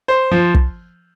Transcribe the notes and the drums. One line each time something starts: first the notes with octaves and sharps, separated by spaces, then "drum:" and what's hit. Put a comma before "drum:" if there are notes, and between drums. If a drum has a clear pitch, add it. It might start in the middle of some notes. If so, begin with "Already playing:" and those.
C5
F3
drum: kick